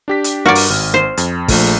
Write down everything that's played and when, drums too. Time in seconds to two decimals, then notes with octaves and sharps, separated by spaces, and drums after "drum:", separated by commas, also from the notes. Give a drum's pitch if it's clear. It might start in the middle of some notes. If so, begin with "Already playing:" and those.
0.08 D4 G4 B6
0.24 drum: hi-hat
0.46 G2 F#4 A#4 D5 F6
0.55 drum: open hi-hat
0.70 G#1
0.94 C5
1.17 F2, drum: hi-hat
1.48 A#1 F3 A3, drum: kick, open hi-hat